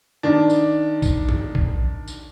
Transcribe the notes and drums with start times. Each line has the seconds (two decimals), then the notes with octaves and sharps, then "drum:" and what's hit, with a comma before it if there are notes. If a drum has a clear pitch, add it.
0.23 D#3 D4
0.50 drum: tambourine
1.02 drum: kick, tambourine
1.29 drum: tom G2
1.55 drum: kick
2.08 drum: tambourine